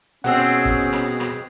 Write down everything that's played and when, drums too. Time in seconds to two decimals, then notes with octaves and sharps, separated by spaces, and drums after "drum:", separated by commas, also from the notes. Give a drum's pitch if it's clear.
0.24 B2 G#3 C4 C#4 F#5 E6
0.65 drum: kick G1
0.93 drum: rim click
1.20 drum: rim click